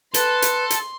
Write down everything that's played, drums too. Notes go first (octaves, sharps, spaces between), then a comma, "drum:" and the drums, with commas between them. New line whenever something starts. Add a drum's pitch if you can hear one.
A4 B4 C6, drum: hi-hat
drum: hi-hat
drum: hi-hat